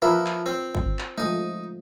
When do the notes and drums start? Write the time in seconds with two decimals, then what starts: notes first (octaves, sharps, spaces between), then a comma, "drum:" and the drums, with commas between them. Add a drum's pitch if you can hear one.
0.02 F3 E4 F4 A#4 B4
0.26 drum: clap
0.46 C4
0.75 drum: kick
0.99 drum: clap
1.18 F3 G#3 A3 D#4 D#6